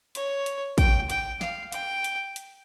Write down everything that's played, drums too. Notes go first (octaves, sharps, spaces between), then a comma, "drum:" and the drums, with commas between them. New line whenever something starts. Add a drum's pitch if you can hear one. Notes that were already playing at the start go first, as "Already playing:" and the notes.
C#5, drum: hi-hat
drum: hi-hat
G5, drum: kick, hi-hat
G5, drum: hi-hat
F5, drum: snare
G5, drum: hi-hat
drum: hi-hat
drum: hi-hat